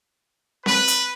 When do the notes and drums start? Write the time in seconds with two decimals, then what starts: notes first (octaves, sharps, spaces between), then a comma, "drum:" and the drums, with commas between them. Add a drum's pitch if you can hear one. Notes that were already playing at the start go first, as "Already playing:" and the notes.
0.66 B4, drum: snare C4
0.88 drum: hi-hat